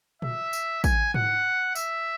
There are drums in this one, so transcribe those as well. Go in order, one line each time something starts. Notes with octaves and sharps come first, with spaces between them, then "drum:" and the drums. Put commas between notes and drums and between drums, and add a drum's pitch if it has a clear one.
E5, drum: tom A#2
drum: tambourine
G#5, drum: kick, tambourine
F#5, drum: tom G#2
E5, drum: tambourine